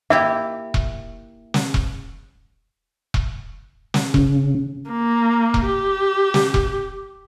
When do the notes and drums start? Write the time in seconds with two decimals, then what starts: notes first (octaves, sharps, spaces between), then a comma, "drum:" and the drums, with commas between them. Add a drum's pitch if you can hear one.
0.10 A#3 E4 G4 E5
0.74 drum: kick E1
1.54 drum: snare
1.74 drum: kick E1
3.14 drum: kick E1
3.94 drum: snare
4.14 C#3, drum: kick E1
4.90 A#3
5.54 drum: kick E1
5.67 G4
6.34 drum: snare
6.54 drum: kick E1